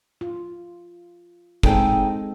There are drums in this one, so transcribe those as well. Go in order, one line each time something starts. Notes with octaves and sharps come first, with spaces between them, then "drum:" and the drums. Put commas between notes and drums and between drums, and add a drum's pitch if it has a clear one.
F4
G#3 C4 D#4 G#4 A4 G5, drum: kick